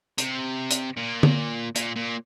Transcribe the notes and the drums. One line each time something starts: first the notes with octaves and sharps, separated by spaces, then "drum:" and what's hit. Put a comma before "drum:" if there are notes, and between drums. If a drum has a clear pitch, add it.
C3, drum: hi-hat
drum: hi-hat
A#2
drum: tom
A#2, drum: hi-hat
A#2